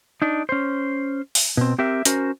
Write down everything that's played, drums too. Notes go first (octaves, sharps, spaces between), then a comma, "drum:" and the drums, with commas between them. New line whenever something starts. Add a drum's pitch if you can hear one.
D4 D#4
C#4 C5
drum: open hi-hat
B2 C4
C4 G4 A#4 E5
C#4 F#4 A#4 C5, drum: hi-hat